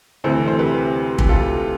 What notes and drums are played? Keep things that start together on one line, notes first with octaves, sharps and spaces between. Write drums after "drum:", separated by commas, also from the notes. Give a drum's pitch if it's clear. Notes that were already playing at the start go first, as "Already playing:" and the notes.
D2 C3 E3 A4 C5
C5
G4 B4
G4, drum: kick
F4 A4